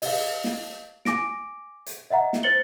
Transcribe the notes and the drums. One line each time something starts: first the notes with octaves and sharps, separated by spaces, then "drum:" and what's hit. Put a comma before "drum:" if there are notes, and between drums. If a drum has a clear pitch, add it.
D#5 F5, drum: open hi-hat
drum: snare
G#5 D6 A#6 D7, drum: snare
drum: hi-hat
D#5 E5 F#5 A#5
drum: snare
C5 A6 C#7 F#7 G7